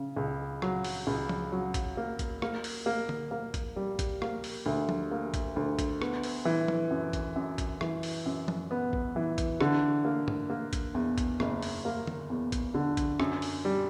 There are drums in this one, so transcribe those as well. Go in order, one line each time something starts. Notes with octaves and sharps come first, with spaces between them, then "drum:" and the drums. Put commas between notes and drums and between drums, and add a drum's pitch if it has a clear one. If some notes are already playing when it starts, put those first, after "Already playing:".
Already playing: C#3
C#2
F#3, drum: rim click
drum: open hi-hat
C#2
drum: tom F3
F#3
drum: kick, hi-hat
A#3
drum: kick, hi-hat
A#3, drum: rim click
drum: open hi-hat
A#3
drum: tom D3
A#3
drum: kick, hi-hat
G3
drum: kick, hi-hat
A#3, drum: rim click
drum: open hi-hat
D2
drum: tom F3
A#3
drum: kick, hi-hat
D2
drum: kick, hi-hat
B3, drum: rim click
drum: open hi-hat
E3
drum: tom F3
F#2
drum: kick, hi-hat
F#2
drum: kick, hi-hat
E3, drum: rim click
drum: open hi-hat
F#2
drum: tom F3
B3
drum: kick
E3
drum: kick, hi-hat
D3, drum: rim click
A#3
drum: tom G2
A#3
drum: kick, hi-hat
E2
drum: kick, hi-hat
F#1, drum: rim click
drum: open hi-hat
A#3
drum: tom D3
E2
drum: kick, hi-hat
D3
drum: kick, hi-hat
F#2, drum: rim click
drum: open hi-hat
G3